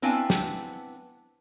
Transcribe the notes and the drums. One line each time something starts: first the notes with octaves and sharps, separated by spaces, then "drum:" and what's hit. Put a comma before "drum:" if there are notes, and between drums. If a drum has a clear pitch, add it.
B3 C4 D4 E4 F5 G#5
drum: snare